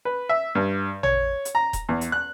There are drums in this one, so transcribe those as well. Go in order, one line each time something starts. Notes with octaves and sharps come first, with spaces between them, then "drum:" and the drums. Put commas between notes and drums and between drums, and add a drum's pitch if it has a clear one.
B4
E5
G2
C#5, drum: tom A1
drum: hi-hat
A#5
drum: kick D#1, hi-hat
E2
drum: hi-hat
F#6